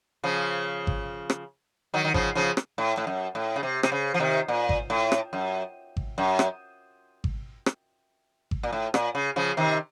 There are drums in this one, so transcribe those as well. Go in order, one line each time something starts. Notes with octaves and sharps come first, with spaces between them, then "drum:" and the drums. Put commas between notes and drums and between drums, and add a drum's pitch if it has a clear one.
C#3 F3
drum: kick G#1
drum: rim click
D#3 F#3
D#3
C#3 F3, drum: kick G#1
C#3 F3
drum: rim click
A2
A2
F#2
A2
C#3
C3
C3, drum: rim click
C#3
F3
C3 D#3
A#2
drum: kick G#1
A2
drum: rim click
F#2
drum: kick G#1
F#2
drum: rim click
drum: kick G#1
drum: rim click
drum: kick G#1
A#2
A2
A#2, drum: rim click
C#3
C#3 F3
C3 D#3